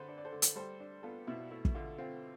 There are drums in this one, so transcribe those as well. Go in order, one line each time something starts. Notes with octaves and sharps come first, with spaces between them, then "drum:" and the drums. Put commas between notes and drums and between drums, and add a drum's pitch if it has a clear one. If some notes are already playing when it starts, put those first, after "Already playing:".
Already playing: D3 A3 A4 B4 C5
D4
D5
A4 C5
D3
drum: hi-hat
G3 A4 C5
D4
B3 F4 A4
B2 E4
A3 E4
drum: kick
D3 F4
C4 F4